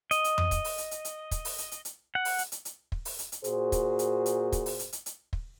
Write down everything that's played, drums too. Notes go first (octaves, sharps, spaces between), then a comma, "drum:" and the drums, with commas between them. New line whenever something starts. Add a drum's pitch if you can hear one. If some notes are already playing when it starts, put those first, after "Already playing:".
D#5, drum: hi-hat
drum: hi-hat
drum: tom F2
drum: kick, hi-hat
drum: open hi-hat
drum: hi-hat
drum: hi-hat
drum: hi-hat
drum: kick, hi-hat
drum: open hi-hat
drum: hi-hat
drum: hi-hat
drum: hi-hat
F#5
drum: open hi-hat
drum: hi-hat
drum: hi-hat
drum: hi-hat
drum: kick
drum: open hi-hat
drum: hi-hat
drum: hi-hat
A#2 F#4 G#4 C5, drum: hi-hat
drum: kick, hi-hat
drum: hi-hat
drum: hi-hat
drum: kick, hi-hat
drum: open hi-hat
drum: hi-hat
drum: hi-hat
drum: hi-hat
drum: kick